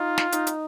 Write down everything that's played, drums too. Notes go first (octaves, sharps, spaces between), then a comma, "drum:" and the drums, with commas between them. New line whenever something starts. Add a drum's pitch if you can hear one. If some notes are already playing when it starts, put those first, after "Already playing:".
Already playing: D#4 F4
drum: snare
D#4, drum: hi-hat
drum: hi-hat